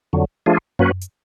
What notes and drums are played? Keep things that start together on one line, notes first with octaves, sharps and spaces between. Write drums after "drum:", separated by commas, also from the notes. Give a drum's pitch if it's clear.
F2 D3 F#3
F3 A3 D4 F4 G#4
F#3 A#3 C#4 F#4 B4, drum: tom F#2
drum: hi-hat